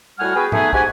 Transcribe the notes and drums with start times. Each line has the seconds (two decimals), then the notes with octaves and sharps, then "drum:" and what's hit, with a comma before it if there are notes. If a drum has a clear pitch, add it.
0.19 A2 G3 F#4 F#5 G#5 F6
0.35 B3 F#4 G#4 B4 G5 G#5
0.52 A3 B3 D#4 G#4 B4 G#5, drum: tom G#2
0.73 G#2 F#4 G4 F#5 G#5, drum: kick